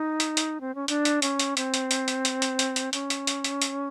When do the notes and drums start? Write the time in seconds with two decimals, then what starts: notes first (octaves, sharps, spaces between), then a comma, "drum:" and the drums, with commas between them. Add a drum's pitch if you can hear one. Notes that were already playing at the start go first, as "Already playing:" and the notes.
Already playing: D#4
0.20 drum: hi-hat
0.37 drum: hi-hat
0.61 C4
0.75 C#4
0.88 D4, drum: hi-hat
1.05 drum: hi-hat
1.22 C#4, drum: hi-hat
1.39 drum: hi-hat
1.57 C4, drum: hi-hat
1.74 drum: hi-hat
1.91 drum: hi-hat
2.08 drum: hi-hat
2.25 drum: hi-hat
2.42 drum: hi-hat
2.59 drum: hi-hat
2.76 drum: hi-hat
2.93 C#4, drum: hi-hat
3.10 drum: hi-hat
3.27 drum: hi-hat
3.44 drum: hi-hat
3.62 drum: hi-hat